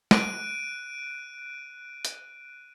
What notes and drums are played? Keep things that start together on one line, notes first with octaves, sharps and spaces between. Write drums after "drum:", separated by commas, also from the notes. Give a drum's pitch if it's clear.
F#6 D7 D#7, drum: snare
drum: hi-hat